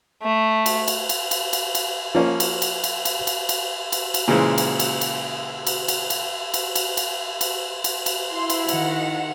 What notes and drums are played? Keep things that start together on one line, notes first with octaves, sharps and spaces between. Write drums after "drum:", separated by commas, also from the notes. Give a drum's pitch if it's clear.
A3
drum: cymbal
drum: cymbal
drum: cymbal
drum: cymbal
drum: cymbal
drum: cymbal
F3 A#3 C#4
drum: cymbal
drum: cymbal
drum: cymbal
drum: cymbal
drum: cymbal
drum: cymbal
drum: cymbal
drum: cymbal
A#2 C#3 E3 G#3 C5
drum: cymbal
drum: cymbal
drum: cymbal
drum: cymbal
drum: cymbal
drum: cymbal
drum: cymbal
drum: cymbal
drum: cymbal
drum: cymbal
drum: cymbal
drum: cymbal
E4 C6
drum: cymbal
D#3 F#5, drum: cymbal